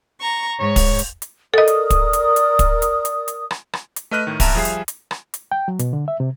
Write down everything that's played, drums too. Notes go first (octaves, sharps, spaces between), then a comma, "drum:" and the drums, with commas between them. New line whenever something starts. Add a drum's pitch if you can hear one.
A#5 C#6
G#2 C#5
drum: kick, open hi-hat
drum: hi-hat
drum: hi-hat
A4 A#4 D5 D#5 D#6
drum: hi-hat
drum: kick, hi-hat
drum: hi-hat
drum: hi-hat
drum: kick, hi-hat
drum: hi-hat
drum: hi-hat
drum: hi-hat
drum: rim click
drum: rim click
drum: hi-hat
A3 B4 D#5 F6 F#6 D#7
A2 D#3
A#1 E2 E5 A5 A#5 E7, drum: kick, open hi-hat
F3 G3 G#4 E5 G#5 C7
drum: hi-hat
drum: hi-hat
drum: rim click
drum: hi-hat
G5
F#3
B2, drum: hi-hat
D3
E5
C3